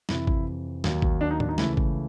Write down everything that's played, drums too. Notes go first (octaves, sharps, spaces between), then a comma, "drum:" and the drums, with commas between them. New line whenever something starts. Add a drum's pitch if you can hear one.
F2 C3 E3 E4, drum: snare
drum: kick
D#2 D#3 F#3, drum: snare
drum: kick
D4
D#4
D4, drum: tom A2
D#4
C#2 C#3 E3 A3 E4, drum: snare
drum: kick